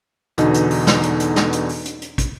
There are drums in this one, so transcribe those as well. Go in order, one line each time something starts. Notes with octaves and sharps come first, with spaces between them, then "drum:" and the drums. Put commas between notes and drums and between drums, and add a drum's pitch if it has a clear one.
E2 B2 D3 D#4, drum: hi-hat
drum: hi-hat
drum: open hi-hat
drum: snare
drum: hi-hat
drum: hi-hat
drum: snare
drum: hi-hat
drum: open hi-hat
drum: hi-hat
drum: hi-hat
drum: kick, hi-hat